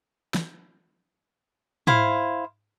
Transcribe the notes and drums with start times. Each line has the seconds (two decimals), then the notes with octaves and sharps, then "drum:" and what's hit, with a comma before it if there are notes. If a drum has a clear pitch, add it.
0.34 drum: snare
1.87 E4 C5 F5, drum: tom